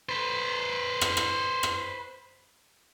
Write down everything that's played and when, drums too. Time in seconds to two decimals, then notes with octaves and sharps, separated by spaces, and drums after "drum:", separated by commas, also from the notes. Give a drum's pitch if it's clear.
0.09 B4 C5
1.01 drum: rim click
1.17 drum: rim click
1.63 drum: rim click